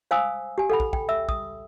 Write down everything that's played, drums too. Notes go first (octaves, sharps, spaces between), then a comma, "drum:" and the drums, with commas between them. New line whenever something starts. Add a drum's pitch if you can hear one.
C5 F5 G#5 D#6 E6
G4 G#5
A4 F#5 B5
drum: kick
G5, drum: kick
E5 E6
D#6, drum: kick